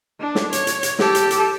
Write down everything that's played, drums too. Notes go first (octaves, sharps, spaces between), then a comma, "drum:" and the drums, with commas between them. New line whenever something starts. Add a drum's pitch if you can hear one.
D4
drum: snare
C#5, drum: hi-hat
drum: hi-hat
drum: hi-hat
G4 A4, drum: snare
drum: hi-hat
drum: hi-hat